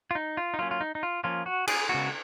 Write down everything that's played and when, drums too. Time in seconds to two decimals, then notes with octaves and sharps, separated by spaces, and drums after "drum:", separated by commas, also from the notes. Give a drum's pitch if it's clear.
0.11 F4
0.15 D#4
0.37 F4
0.54 D#4
0.59 F#3 A#3 C#4 F4
0.71 F4
0.81 D#4
0.95 D#4
1.03 F4
1.24 F3 A#3 C#4 F4
1.46 F#4
1.68 G#4, drum: cymbal
1.89 C#3 G#3 B3 F#4